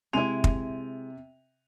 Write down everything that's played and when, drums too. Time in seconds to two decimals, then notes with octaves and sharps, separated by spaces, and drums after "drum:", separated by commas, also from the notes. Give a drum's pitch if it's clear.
0.13 C3 G#3 E4 D#7 F7
0.44 drum: kick